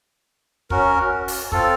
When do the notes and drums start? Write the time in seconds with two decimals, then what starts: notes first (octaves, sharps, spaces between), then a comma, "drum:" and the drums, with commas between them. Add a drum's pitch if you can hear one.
0.70 C#4 F#4 A#4, drum: kick
1.28 drum: open hi-hat
1.52 C4 F4 A4, drum: kick